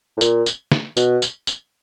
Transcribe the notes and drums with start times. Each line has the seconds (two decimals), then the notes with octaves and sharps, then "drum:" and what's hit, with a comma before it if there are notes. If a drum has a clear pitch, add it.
0.17 A2
0.21 A#2, drum: tambourine
0.46 drum: tambourine
0.72 drum: snare
0.97 B2, drum: tambourine
1.22 drum: tambourine
1.47 drum: tambourine